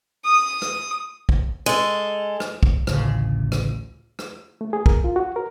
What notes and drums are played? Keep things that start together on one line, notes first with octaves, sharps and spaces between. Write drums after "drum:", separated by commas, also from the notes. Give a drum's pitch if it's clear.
D#6
drum: rim click
drum: kick
G#3 A4
drum: rim click
drum: kick
A1 D2 C#3, drum: rim click
drum: rim click
drum: rim click
A3
G#4
A#4, drum: kick
F4
F#4
A#4